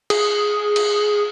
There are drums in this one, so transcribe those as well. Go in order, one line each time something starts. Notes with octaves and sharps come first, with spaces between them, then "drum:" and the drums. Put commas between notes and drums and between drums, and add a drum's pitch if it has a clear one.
G#4, drum: cymbal
drum: cymbal